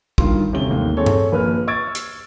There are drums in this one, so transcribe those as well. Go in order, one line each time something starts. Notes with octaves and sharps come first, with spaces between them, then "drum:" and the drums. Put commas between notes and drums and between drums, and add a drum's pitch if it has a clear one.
G2 D#3 F4 C6, drum: kick
G1 C3 C#4 G7
A1 D#2 G#2
C4 G#4 A4 C#5
drum: tom G2
A#1 B4 F6
C#6 E6 G#6 A6 D7
drum: hi-hat